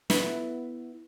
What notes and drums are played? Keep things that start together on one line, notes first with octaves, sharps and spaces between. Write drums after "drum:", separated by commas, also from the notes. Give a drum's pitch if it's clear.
B3 E4, drum: snare